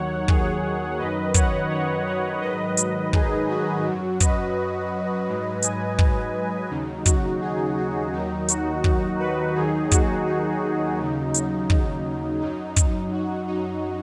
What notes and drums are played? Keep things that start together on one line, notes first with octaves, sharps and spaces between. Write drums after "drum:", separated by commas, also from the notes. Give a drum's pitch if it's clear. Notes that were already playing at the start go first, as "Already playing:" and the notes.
Already playing: D#2 D#3 F#3 C#5 F#5
G#4 C#5, drum: kick
F#2 D#3 F#3 B4 D#5
C#5 F#5, drum: kick, hi-hat
C#5 F#5
C#5 F#5
G#2 D#3 F#3 B4 D#5
drum: hi-hat
D#4 G#4, drum: kick
F#4
F#2 F#3
B4 D#5, drum: kick, hi-hat
G#2 F#3
D#5 G#5, drum: hi-hat
drum: kick
D#2 C#3 F#3 D#4
F#4, drum: kick, hi-hat
D#4 G#4
F#4
D#2 D#3 F#3 D#4
F#4, drum: hi-hat
drum: kick
F#4 B4
D#2 D#3 F#3 D#4 G#4
F#4, drum: kick, hi-hat
D#4
D#2 C#3 F#3
D#4, drum: hi-hat
D#4, drum: kick
F#2 F#3 D#4
D#4, drum: kick, hi-hat
F#4
D#4